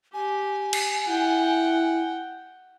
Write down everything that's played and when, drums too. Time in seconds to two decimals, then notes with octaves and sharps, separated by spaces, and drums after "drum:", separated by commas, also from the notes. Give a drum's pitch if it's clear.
0.14 G4 G#5
0.73 drum: cymbal
1.08 E4 F#5 G5